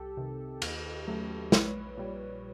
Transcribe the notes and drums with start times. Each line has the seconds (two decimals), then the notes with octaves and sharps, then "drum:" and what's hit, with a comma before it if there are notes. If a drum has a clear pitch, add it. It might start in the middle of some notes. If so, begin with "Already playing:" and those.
Already playing: C2 G4 A4
0.17 C3 D#3
0.62 D#2, drum: cymbal
1.07 C#3 F#3 A3
1.52 A#1 B4 C#5, drum: snare
1.97 A#2 G3